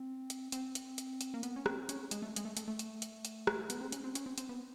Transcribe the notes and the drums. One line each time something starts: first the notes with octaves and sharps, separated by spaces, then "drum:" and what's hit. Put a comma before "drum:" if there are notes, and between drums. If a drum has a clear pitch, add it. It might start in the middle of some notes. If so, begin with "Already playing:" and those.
Already playing: C4
drum: hi-hat
C4, drum: hi-hat
drum: hi-hat
drum: hi-hat
drum: hi-hat
A#3
B3, drum: hi-hat
C#4
C4, drum: rim click
C#4, drum: hi-hat
G#3, drum: hi-hat
A3
G#3, drum: hi-hat
A3
A3, drum: hi-hat
A3
drum: hi-hat
drum: hi-hat
drum: hi-hat
drum: rim click
B3, drum: hi-hat
C4
C#4, drum: hi-hat
C4
C#4, drum: hi-hat
C4
C4, drum: hi-hat
B3